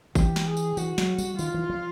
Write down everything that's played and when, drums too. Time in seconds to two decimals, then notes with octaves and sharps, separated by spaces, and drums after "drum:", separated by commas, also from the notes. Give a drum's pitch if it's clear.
0.15 E3 G4, drum: kick G1, tambourine
0.36 drum: snare
0.47 G#4
0.57 drum: tambourine
0.77 E3 F#4, drum: tambourine
0.98 F#3, drum: snare
1.18 G3, drum: tambourine
1.39 D#3 F4, drum: tambourine
1.54 E3
1.70 F3